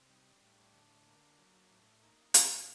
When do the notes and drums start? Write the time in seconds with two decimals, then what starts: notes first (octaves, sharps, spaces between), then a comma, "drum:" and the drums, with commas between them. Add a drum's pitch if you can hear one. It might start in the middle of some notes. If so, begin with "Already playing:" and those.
Already playing: C3
0.09 G3 D#4
0.31 D4
0.41 A2
0.52 D4
0.73 D3
1.05 A#3
1.38 F#3
1.70 A2
2.02 A#3 D#4
2.34 A#2, drum: hi-hat